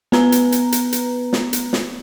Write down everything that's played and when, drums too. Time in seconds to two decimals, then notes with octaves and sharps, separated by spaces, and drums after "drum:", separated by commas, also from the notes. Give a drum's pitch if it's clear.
0.12 B3 B4 A#5, drum: snare
0.32 drum: hi-hat
0.52 drum: hi-hat
0.72 drum: hi-hat
0.93 drum: hi-hat
1.33 drum: snare
1.53 drum: hi-hat
1.73 drum: snare